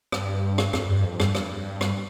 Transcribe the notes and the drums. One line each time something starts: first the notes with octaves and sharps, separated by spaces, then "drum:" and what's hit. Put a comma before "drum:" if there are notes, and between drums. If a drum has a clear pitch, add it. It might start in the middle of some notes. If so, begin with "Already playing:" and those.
G2, drum: rim click
drum: rim click
F2, drum: rim click
G2
F2
G2, drum: rim click
G2, drum: rim click
drum: rim click